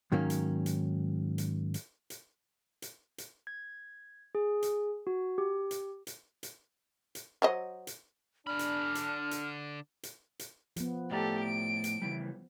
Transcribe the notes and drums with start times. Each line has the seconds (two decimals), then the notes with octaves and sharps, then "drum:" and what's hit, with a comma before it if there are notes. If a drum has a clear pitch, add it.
0.12 G#2 D#3 F#3 A#3 C#4
0.30 drum: hi-hat
0.66 drum: hi-hat
1.38 drum: hi-hat
1.74 drum: hi-hat
2.10 drum: hi-hat
2.82 drum: hi-hat
3.18 drum: hi-hat
3.47 G#6
4.35 G#4
4.63 drum: hi-hat
5.07 F#4
5.38 G4
5.71 drum: hi-hat
6.07 drum: hi-hat
6.43 drum: hi-hat
7.15 drum: hi-hat
7.42 F#3 C5 D#5
7.87 drum: hi-hat
8.47 D3 D4 B5 F6
8.59 drum: hi-hat
8.95 drum: hi-hat
9.31 drum: hi-hat
10.03 drum: hi-hat
10.39 drum: hi-hat
10.76 F3 B3, drum: hi-hat
11.11 A2 G4 A4 D5 A#5
11.43 D7
11.84 drum: hi-hat
12.02 C#3 E3 G3